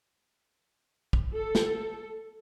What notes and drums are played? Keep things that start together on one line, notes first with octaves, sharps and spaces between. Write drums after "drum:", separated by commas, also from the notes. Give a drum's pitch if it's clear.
drum: kick
A4
drum: snare